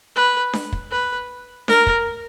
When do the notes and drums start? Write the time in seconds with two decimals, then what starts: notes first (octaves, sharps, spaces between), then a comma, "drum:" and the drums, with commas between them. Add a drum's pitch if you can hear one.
0.16 B4
0.53 drum: snare D4
0.72 drum: kick
0.91 B4
1.68 A#4, drum: snare D4
1.86 drum: kick